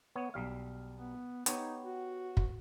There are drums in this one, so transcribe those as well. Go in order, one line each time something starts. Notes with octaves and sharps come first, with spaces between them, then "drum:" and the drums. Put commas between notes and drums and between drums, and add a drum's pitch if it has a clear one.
B3 C#5
B1 G3 F5
B3
B3 D#4 G4 C#5, drum: hi-hat
F#4
drum: kick